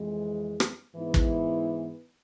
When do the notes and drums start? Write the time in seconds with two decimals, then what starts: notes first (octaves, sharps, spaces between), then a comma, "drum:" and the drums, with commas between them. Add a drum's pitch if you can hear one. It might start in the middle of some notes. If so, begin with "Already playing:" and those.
Already playing: F2 E3 G#3
0.60 drum: rim click
0.95 G#2 E3 B3 E4
1.14 drum: kick